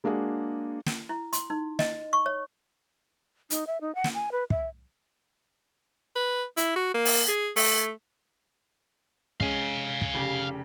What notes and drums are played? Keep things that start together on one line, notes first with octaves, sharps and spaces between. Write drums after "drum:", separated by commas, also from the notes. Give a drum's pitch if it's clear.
G#3 A#3 D4 F#4 G#4
drum: snare
E4
C6, drum: hi-hat
D#4
D#5, drum: snare
C#6
C#5
D#4, drum: hi-hat
E5
D#4
F#5
drum: snare
G#5
B4
E5, drum: kick
B4
E4, drum: hi-hat
F#4
A#3
drum: open hi-hat
G#4
A3, drum: open hi-hat
G#3 C#4 F5 G#5, drum: kick
drum: kick
F1 C#3 G4